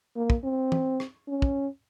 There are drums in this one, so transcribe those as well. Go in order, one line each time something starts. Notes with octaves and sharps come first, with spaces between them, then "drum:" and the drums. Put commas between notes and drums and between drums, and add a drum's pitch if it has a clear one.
A#3
drum: kick
C4
drum: tom
drum: rim click
C#4
drum: kick